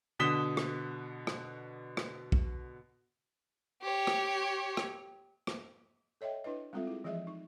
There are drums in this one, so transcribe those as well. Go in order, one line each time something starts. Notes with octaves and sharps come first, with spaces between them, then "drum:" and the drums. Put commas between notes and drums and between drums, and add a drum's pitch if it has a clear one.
B2 D3 D#6 B6 E7 G7
drum: rim click
drum: rim click
drum: rim click
drum: kick
G4 C#5
drum: rim click
drum: rim click
drum: rim click
A4 C#5 D#5 E5 G5
D4 E4 B4 D#5
G3 G#3 C4 F4 A4 E5
E4 G#4
E3 F3 G#3 G#4 D#5 E5
D#4